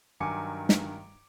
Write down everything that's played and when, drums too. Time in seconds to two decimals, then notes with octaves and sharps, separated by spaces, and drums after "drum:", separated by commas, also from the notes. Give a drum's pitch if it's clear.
0.20 G2 D#3 F#3 G#5 D6 C#7
0.69 drum: snare